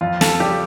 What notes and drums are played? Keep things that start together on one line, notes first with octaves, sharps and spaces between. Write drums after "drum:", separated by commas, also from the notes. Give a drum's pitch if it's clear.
F2 F4
A4, drum: snare
C#3 G3 G4